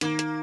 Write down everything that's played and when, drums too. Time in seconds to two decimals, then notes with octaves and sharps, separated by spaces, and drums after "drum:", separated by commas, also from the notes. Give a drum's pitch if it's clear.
0.01 D#3 A#3, drum: hi-hat
0.19 drum: hi-hat